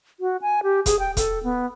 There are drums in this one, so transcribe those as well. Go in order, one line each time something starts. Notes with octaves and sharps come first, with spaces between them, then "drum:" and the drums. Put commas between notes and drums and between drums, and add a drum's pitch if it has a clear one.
F#4
G#5
G4
G#4, drum: kick E1, hi-hat
G5
A4, drum: kick E1, hi-hat
B3